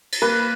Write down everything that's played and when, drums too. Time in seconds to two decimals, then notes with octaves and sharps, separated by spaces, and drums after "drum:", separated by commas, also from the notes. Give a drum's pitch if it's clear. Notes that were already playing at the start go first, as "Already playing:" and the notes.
0.12 drum: cymbal
0.22 A#3 B4